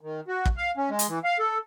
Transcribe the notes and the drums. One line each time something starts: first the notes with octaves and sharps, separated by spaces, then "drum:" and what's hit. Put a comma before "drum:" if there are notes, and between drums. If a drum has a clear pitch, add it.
D#3
F#4
drum: kick
F5
C#4
G#3
drum: hi-hat
E3
F5
A4